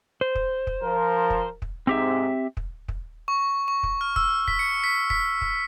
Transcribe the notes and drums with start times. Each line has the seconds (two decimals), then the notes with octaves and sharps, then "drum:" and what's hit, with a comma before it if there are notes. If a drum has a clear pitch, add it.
0.21 C5
0.35 drum: kick
0.67 drum: kick
0.83 F3 A#4
1.30 drum: kick
1.62 drum: kick
1.87 G#2 C4 G4 E5
2.57 drum: kick
2.88 drum: kick
3.28 C#6
3.68 C#6
3.83 drum: kick
4.01 F6
4.16 E6, drum: kick
4.48 B6, drum: kick
4.59 C#7
4.84 B6
5.10 B6, drum: kick
5.42 drum: kick